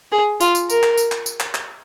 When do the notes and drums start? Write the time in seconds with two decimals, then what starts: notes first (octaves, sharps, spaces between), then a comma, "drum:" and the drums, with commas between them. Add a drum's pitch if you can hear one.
0.12 G#4
0.40 F4, drum: tambourine
0.55 drum: tambourine
0.70 A#4, drum: tambourine
0.83 drum: clap
0.97 drum: tambourine
1.12 drum: clap
1.26 drum: tambourine
1.40 drum: clap
1.54 drum: clap